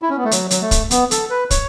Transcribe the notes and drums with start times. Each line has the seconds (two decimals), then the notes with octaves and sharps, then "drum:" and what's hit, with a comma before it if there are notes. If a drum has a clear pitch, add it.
0.02 E4
0.10 C#4
0.17 B3
0.24 A3
0.31 F#3, drum: hi-hat
0.51 F#3, drum: hi-hat
0.62 A3
0.71 drum: kick, hi-hat
0.91 B3, drum: hi-hat
1.11 A4, drum: hi-hat
1.30 B4
1.51 C#5, drum: kick, hi-hat